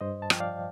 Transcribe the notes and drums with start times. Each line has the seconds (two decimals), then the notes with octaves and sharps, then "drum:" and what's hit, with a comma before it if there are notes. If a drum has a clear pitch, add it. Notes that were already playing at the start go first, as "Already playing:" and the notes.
0.01 G2 C5 D#5
0.22 A5
0.30 F3 G5, drum: rim click
0.40 D5 F5